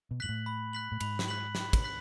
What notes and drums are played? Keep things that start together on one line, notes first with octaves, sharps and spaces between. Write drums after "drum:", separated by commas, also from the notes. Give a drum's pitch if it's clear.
B2
G#2 F#6 B6 F#7
A2
B5
F#6 B6 F#7
A2
G#2 B5, drum: cymbal
drum: snare
F#6 B6 F#7
B5, drum: snare
drum: kick, cymbal
F#6 B6 F#7